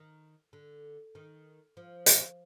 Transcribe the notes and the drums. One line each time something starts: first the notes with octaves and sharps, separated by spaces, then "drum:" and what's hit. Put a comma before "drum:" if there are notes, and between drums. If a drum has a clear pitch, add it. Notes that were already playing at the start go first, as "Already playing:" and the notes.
Already playing: D#3
D3
D#3
F3
drum: hi-hat